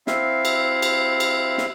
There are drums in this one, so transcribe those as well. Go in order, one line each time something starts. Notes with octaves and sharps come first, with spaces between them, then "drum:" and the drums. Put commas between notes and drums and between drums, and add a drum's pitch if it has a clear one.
C4 E4 E5 F5, drum: snare
drum: cymbal
drum: cymbal
drum: cymbal
drum: snare